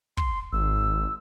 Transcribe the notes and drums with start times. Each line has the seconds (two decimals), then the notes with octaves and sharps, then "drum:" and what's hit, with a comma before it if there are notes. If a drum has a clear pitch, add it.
0.17 C6, drum: kick
0.53 G#1 E6